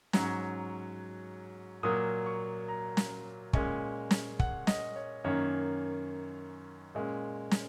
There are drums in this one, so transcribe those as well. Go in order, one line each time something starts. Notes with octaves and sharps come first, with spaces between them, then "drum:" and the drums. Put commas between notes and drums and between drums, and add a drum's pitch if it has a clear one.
G#2 F#3 C#4 A#5, drum: snare
A#2 F#3 A#3 D#6
C#6
A#5
drum: snare
A#2 G#3 C#4, drum: kick
drum: snare
F#5, drum: kick
D#5, drum: snare
C#5
F#2 D#3 A#3 C#4 C#5
A#2 G#3 C#4
drum: snare